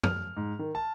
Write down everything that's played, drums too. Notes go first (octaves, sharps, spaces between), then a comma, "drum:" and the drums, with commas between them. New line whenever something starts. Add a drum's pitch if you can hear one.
F6, drum: tom F#2
G#2
D#3
A5